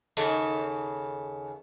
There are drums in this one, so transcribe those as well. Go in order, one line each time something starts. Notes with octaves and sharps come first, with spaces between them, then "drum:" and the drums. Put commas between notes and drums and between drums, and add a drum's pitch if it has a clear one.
D#2 C#3 A4, drum: open hi-hat